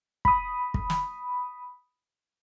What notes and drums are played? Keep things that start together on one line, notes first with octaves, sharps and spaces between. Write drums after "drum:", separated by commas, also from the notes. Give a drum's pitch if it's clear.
B5 D#6, drum: kick
drum: kick
drum: snare